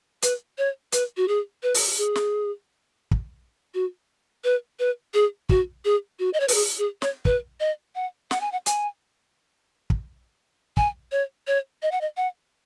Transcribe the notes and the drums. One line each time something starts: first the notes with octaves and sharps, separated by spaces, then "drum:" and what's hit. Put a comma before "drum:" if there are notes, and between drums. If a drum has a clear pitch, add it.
B4, drum: hi-hat
C#5
B4, drum: hi-hat
F#4
G#4
B4
drum: open hi-hat
G#4
drum: snare
drum: kick
F#4
B4
B4
G#4
F#4, drum: kick
G#4
F#4
D#5
C#5
B4, drum: open hi-hat
G#4
G#4
C#5, drum: snare
B4, drum: kick
D#5
F#5
F#5, drum: snare
G#5
F#5
G#5, drum: hi-hat
drum: kick
G#5, drum: kick
C#5
C#5
D#5
F#5
D#5
F#5